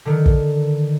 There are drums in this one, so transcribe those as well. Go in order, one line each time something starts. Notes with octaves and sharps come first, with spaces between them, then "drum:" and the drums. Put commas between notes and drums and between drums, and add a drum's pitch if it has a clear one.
D3 D#3
drum: kick